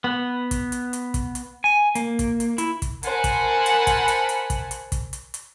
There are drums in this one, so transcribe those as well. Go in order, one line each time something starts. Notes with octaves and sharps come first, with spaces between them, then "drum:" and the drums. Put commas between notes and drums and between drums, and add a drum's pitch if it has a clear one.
B3
drum: kick, hi-hat
drum: hi-hat
drum: hi-hat
drum: kick, hi-hat
drum: hi-hat
G#5
A#3, drum: hi-hat
drum: kick, hi-hat
drum: hi-hat
E4, drum: hi-hat
drum: kick, hi-hat
A#4 C5 F#5 G#5 A5 B5, drum: hi-hat
drum: kick, hi-hat
drum: hi-hat
drum: kick, hi-hat
drum: hi-hat
drum: hi-hat
drum: kick, hi-hat
drum: hi-hat
drum: kick, hi-hat
drum: hi-hat
drum: hi-hat